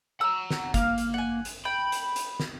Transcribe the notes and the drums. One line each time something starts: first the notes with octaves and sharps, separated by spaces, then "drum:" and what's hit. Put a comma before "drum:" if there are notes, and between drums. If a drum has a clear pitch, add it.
F#5 A#5 E6
drum: snare
A#3 F5, drum: kick, hi-hat
drum: hi-hat
F#5 G#5
drum: hi-hat
G5 B5
drum: hi-hat
drum: hi-hat
drum: snare